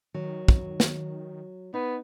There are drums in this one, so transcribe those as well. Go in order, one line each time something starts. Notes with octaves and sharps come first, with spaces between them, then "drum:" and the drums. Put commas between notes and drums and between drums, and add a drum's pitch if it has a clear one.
D#3 F#3
drum: kick
drum: snare
B3 D#4